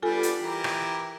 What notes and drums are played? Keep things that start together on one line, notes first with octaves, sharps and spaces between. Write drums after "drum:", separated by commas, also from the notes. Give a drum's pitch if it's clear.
G3 B3 D4 F4 A4 G#5
drum: hi-hat
E3 G4 A#4
drum: rim click